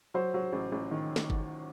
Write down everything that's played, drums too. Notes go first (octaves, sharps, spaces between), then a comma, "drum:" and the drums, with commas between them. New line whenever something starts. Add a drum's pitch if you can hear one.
F#3 C5
F#3
A1
A1
D#3
drum: snare
drum: kick G1